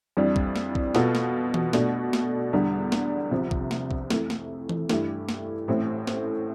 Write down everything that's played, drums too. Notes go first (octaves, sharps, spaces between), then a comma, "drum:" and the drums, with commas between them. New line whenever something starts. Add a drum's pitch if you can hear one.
F2 E3 G3 D4
drum: kick B1
drum: snare
drum: kick B1
B2 B3 F4 A4, drum: snare
drum: snare
drum: tom E3
B2 A3 D4, drum: snare
drum: snare
E2 D3 G3 D4
drum: snare
C2 C3 F3
drum: kick B1
drum: snare
drum: kick B1
F2 E3 A3, drum: snare
drum: snare
drum: tom E3
G2 E3 A3 E4 G4, drum: snare
drum: snare
A1 A2 E3 A3 C4
drum: snare